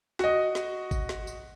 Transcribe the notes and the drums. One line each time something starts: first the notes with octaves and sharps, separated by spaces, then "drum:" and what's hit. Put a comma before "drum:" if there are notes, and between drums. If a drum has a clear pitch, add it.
F#4 D#5, drum: snare
drum: snare
drum: kick G1, tambourine
drum: snare
drum: tambourine